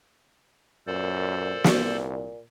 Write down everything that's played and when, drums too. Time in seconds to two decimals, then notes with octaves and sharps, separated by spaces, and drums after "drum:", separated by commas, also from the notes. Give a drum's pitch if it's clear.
0.87 F#2 A#2 A4 C5 D5
1.64 C2, drum: snare